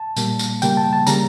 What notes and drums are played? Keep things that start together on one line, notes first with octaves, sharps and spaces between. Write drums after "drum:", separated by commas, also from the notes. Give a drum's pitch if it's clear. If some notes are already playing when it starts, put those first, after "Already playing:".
Already playing: A5
A#2 G3 A#3, drum: tambourine
drum: tambourine
C#3 G3 A#3 G5, drum: tambourine
A5
A5
C#3 G3 A#3 A#5, drum: tambourine